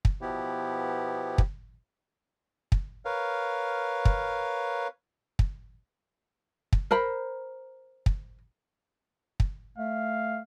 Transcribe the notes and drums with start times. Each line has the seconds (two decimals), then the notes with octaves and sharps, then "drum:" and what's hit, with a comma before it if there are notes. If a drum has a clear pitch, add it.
0.05 drum: kick
0.21 B2 F3 B3 E4 G4
1.38 drum: kick
2.72 drum: kick
3.05 A#4 B4 C#5 F5
4.05 drum: kick
5.39 drum: kick
6.73 drum: kick
6.91 A#4 C5 A#5 B5
8.06 drum: kick
9.40 drum: kick
9.78 A3 F5